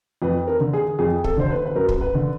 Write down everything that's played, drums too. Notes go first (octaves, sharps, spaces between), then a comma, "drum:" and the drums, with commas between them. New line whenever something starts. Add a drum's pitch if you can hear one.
F2 B4
A#4
D3
G#4
F2 G#4
A4, drum: kick
D3 C5
B4
B4
F#2 A#4
drum: kick
B4
D3